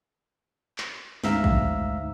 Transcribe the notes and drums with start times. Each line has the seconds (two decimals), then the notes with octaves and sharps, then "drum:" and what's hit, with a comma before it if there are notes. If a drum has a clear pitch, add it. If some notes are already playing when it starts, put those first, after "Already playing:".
0.78 drum: clap
1.24 D2 G#2 E5 F5 A#5 E6, drum: snare
1.44 drum: kick